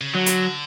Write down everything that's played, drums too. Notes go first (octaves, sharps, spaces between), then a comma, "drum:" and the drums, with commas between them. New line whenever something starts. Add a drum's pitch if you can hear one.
C#3
D3 F#3
drum: hi-hat